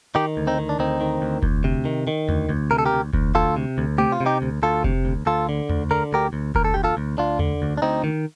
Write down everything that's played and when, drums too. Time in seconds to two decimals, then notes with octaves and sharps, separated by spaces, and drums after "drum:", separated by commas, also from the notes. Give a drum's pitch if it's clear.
0.15 D#3 D#4 G4
0.37 D2
0.47 C4 D#4
0.58 D#3
0.69 D4
0.79 D2 C4 D#4
1.01 D#3
1.22 D2
1.43 D2, drum: kick F1
1.64 C3
1.85 D#3
2.07 D#3
2.29 D2, drum: tom E2
2.49 D2
2.71 C3 A#4
2.78 A4
2.85 G4 A#4
2.93 D2
3.13 D2, drum: kick F1
3.35 D2 F4 A4
3.56 C3
3.78 D2
3.98 C3 G4, drum: tom A3
4.12 F4
4.21 C3
4.26 D#4 G4
4.42 D2
4.63 D2 F4 A4
4.84 C3, drum: kick F1
5.05 D2
5.26 D2 F4 A4
5.49 D3
5.69 D2, drum: tom E2
5.91 D3 A#4
6.13 D2 G4 A#4
6.33 D2
6.55 D2 A#4, drum: kick F1
6.65 A4
6.74 D2 G4
6.84 F4 A4
6.97 D2
7.18 D2 D4 F4
7.39 D3, drum: tom E2
7.62 D2
7.77 D4
7.82 D2 C4 D#4
8.04 D#3